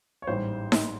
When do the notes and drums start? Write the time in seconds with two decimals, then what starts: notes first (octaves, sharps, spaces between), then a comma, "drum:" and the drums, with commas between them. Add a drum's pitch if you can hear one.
0.22 C#5
0.27 A1 G#2 E3 G3 C5
0.72 drum: snare D#4